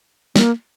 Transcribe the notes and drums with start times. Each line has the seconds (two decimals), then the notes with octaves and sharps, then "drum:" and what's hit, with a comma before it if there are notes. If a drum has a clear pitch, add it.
0.36 A#3, drum: snare